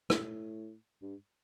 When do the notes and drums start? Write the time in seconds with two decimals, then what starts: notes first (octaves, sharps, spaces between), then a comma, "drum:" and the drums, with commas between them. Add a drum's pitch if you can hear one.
0.10 A2, drum: rim click
1.02 G2